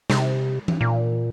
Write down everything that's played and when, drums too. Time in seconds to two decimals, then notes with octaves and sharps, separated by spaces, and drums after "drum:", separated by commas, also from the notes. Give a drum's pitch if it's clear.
0.10 C3, drum: snare
0.68 drum: tom E3
0.81 A#2